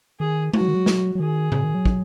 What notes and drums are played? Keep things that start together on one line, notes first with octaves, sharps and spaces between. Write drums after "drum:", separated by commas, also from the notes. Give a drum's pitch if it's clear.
D#3 G#4
F#4, drum: tom G#3
F#3
D#3
F#3
drum: snare
F#3
D#3 G#4
C#3, drum: tom A2
D#3
F#3
drum: kick